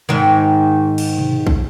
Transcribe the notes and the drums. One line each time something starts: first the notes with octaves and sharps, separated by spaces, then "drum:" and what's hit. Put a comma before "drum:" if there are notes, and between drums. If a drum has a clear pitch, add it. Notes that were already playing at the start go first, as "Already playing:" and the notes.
G#2 D#3
drum: cymbal
drum: tom B2
drum: kick A#1